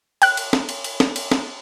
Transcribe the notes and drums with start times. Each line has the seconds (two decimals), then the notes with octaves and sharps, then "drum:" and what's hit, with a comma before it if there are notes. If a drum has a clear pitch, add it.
0.22 G5 F#6, drum: cymbal
0.37 drum: cymbal
0.53 drum: snare
0.69 drum: cymbal
0.84 drum: cymbal
1.00 drum: snare
1.16 drum: cymbal
1.31 drum: snare